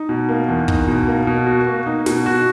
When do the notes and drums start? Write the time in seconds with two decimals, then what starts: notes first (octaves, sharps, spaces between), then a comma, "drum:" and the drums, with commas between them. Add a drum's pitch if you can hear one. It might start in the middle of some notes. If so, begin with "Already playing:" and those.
Already playing: D#4
0.09 B2
0.29 A#3
0.48 E2
0.68 D#4, drum: kick
0.87 B2
1.07 A#3
1.27 B2
1.46 F#4
1.67 A#3
1.86 D#4
2.06 B2, drum: snare
2.26 F#4